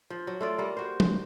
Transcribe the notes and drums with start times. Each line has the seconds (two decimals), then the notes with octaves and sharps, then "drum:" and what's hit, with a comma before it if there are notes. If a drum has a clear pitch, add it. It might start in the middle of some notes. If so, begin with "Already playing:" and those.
0.10 F3
0.27 F#3
0.41 A3 F4 D5
0.58 G3 A#3
0.77 F#4 C5
1.00 drum: tom F3